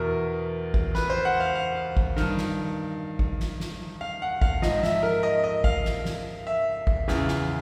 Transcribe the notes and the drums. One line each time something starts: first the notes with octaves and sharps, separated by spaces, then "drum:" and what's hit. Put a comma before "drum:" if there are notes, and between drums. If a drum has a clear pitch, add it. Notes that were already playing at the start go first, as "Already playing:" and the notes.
Already playing: E2 B2 A#4
drum: kick
B4, drum: snare
C5
F#5
F5
F5
drum: kick
G2 D#3, drum: snare
drum: snare
drum: kick
drum: snare
drum: snare
F5
F#5
F5, drum: kick
G#2 F3 D#5, drum: snare
E5, drum: snare
A#4
D#5
D#5
F5, drum: kick
drum: snare
drum: snare
E5
drum: kick
E2 C#3 E3, drum: snare
drum: snare